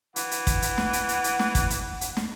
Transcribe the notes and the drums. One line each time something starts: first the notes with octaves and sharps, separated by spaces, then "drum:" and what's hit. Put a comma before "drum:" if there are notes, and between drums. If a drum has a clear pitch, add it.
E3 F#5, drum: hi-hat
drum: hi-hat
drum: kick, hi-hat
drum: hi-hat
drum: snare
drum: hi-hat
drum: hi-hat
drum: hi-hat
drum: snare
drum: kick, hi-hat
drum: hi-hat
drum: hi-hat
drum: snare